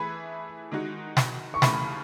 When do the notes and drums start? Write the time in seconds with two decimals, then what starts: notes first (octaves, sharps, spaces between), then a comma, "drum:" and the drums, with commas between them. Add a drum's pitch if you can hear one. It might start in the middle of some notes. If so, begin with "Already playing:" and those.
Already playing: E3 A3 E4 G#4 B4 B5
0.72 D#3 G#3 D#4 F#4
1.17 drum: snare
1.54 C#6
1.62 D#2 C#3 E3 A3 B5, drum: snare